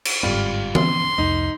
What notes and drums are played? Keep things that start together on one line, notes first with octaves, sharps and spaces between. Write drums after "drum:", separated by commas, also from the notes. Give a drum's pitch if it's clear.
drum: cymbal
G1 G#2 G3 C4 F4
B3 C6, drum: tom E3
C2 F2 A3 D#4